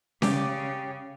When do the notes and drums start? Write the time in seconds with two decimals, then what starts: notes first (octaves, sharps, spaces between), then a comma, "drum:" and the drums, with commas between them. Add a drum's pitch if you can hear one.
0.22 C#3 G4 D5 D6, drum: snare C#4